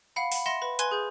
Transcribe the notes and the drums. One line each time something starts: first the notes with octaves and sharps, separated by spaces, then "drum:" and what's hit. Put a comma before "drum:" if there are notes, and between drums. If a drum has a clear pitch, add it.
F5 F#5 B5
F#5 B5, drum: open hi-hat
E5 F#5 C6 A#6 E7
B4 B5
B4 G#5 C6 F#6 G#6, drum: hi-hat
G#4 G6